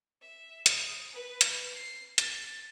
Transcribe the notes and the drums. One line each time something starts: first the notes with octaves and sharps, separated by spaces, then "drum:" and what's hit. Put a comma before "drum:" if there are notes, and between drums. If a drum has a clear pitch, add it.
E5
D#6, drum: hi-hat
B4
drum: hi-hat
C7
A6, drum: hi-hat